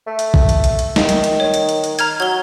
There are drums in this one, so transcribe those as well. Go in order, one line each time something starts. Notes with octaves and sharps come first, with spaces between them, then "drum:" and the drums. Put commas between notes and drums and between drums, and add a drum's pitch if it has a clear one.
A3
drum: hi-hat
drum: kick A#1
drum: hi-hat
drum: hi-hat
drum: hi-hat
D#3, drum: snare
drum: hi-hat
drum: hi-hat
C#5
drum: hi-hat
drum: hi-hat
drum: hi-hat
A#5 F6 G#6, drum: hi-hat
F#3 G#6 G7